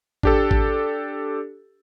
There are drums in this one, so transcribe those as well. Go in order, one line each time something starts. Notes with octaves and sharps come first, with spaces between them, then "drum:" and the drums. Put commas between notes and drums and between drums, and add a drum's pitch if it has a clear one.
D4 G4 A4, drum: kick G#1
drum: kick G#1